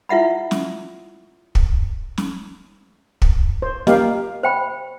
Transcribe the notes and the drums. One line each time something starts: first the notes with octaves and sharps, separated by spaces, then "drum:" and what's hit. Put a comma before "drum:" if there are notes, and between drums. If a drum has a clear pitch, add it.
E4 F4 E5 F#5 B5
drum: snare
drum: kick
drum: snare
drum: kick
C5
A#3 G4 D#5 F5, drum: snare
C5 G5 B5